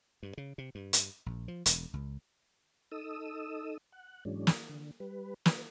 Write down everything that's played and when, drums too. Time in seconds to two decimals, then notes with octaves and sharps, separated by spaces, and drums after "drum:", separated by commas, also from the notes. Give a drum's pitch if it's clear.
0.23 G2
0.38 C#3
0.58 C3
0.75 G2
0.93 drum: hi-hat
1.26 A#1
1.48 F3
1.66 E1, drum: hi-hat
1.93 C#2
2.92 D#4 A4 D#6 E6
3.92 F#5
4.25 G#2 E3 F#3 G#3 C#4 D4
4.47 drum: snare
4.69 D3
5.00 G3 B4
5.46 B4, drum: snare